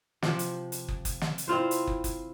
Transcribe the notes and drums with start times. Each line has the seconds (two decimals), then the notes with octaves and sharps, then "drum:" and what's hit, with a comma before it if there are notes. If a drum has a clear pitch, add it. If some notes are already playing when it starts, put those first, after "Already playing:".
0.22 C3 F3, drum: snare
0.39 drum: hi-hat
0.72 drum: hi-hat
0.88 drum: kick
1.05 drum: kick, hi-hat
1.21 drum: snare
1.38 drum: hi-hat
1.48 C4 E4 F4 C5
1.71 drum: hi-hat
1.87 drum: kick
2.04 drum: kick, hi-hat